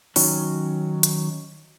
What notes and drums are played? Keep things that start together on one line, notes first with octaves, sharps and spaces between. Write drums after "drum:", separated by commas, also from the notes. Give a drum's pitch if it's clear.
D#3 F#3 C#4, drum: open hi-hat
drum: hi-hat